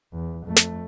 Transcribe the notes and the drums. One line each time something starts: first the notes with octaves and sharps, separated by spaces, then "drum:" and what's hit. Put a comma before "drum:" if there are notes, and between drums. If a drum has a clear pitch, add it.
E2
F2 A3
drum: snare